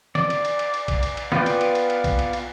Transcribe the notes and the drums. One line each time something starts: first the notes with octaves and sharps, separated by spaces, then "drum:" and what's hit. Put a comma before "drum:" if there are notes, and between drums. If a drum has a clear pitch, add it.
D5, drum: snare
drum: cymbal
drum: cymbal
drum: cymbal
drum: cymbal
drum: kick B1, cymbal
drum: cymbal
drum: cymbal
B3 F4 B4 D5 G5, drum: snare
drum: cymbal
drum: cymbal
drum: cymbal
drum: cymbal
drum: kick B1, cymbal
drum: cymbal
drum: cymbal